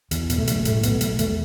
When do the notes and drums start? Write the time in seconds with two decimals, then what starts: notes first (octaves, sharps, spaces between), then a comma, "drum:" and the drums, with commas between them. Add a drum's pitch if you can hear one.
0.11 E2, drum: hi-hat
0.30 B2, drum: hi-hat
0.38 A3
0.47 F#1, drum: hi-hat
0.65 A2 A3, drum: hi-hat
0.83 B1 B3, drum: hi-hat
1.01 B1 A3, drum: hi-hat
1.19 E2 A3, drum: hi-hat
1.30 A3